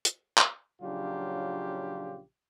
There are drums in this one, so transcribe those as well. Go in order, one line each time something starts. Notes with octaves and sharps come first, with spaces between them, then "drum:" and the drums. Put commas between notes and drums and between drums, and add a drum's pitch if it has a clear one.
drum: hi-hat
drum: clap
A#1 C#3 F#3 D4 F4 G4